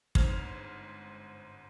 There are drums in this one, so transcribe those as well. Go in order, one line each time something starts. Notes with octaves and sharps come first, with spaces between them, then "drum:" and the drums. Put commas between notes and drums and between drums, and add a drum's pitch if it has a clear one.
G1 G#2 C4 F6 G#6 F7, drum: kick